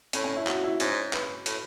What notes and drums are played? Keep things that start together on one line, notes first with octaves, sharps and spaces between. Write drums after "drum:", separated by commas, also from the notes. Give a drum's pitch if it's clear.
A2 C#4, drum: hi-hat
C#4
E4
F#4, drum: clap
E4
G#2 C#4, drum: hi-hat
B4, drum: clap
A2, drum: hi-hat